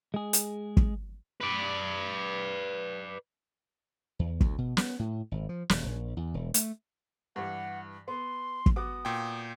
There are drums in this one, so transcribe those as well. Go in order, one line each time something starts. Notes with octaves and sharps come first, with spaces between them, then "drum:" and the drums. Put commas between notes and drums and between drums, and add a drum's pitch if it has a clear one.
G#3 G#4
drum: hi-hat
drum: kick
B4 D5
E2
D2, drum: kick
B2
B3, drum: snare
A2
G#1
F3
D#1, drum: snare
A#1
E2
E1
A3, drum: hi-hat
G2 E3 F#5
B3 C6
drum: kick
B3 F#4 D6 D#6
A#2 G5